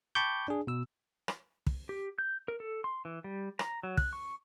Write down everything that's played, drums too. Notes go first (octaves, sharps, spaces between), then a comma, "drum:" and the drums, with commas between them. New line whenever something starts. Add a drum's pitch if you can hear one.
G5 A5 B5 C#6 D6 G6
D4 G#4
B2 E6
drum: rim click
drum: kick
G4
G6
A#4
A4
C6
E3
G3
A#5, drum: rim click
F#3
F#6, drum: kick
C#6